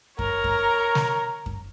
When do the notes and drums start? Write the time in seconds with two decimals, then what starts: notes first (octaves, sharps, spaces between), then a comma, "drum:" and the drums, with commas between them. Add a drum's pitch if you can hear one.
0.19 A#4 C#5 A#5, drum: kick F#2
0.44 drum: kick F#2
0.95 drum: snare
1.46 drum: kick F#2